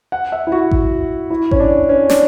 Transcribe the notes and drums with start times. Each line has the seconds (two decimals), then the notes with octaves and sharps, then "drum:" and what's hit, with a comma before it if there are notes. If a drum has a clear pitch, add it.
0.12 F#5
0.32 E5
0.47 E4
0.52 F#4
0.71 drum: kick A1
1.30 E4
1.51 C#4, drum: kick A1
1.60 D4
1.89 C#4
2.10 D4, drum: snare